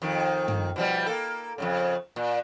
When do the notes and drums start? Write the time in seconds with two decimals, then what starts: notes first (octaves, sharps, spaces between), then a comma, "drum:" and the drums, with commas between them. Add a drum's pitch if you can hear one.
0.02 F2 D#3
0.48 drum: tom
0.76 B2 F3 G3
1.06 A#3 A4
1.58 F2 A2 C#3
2.16 A#2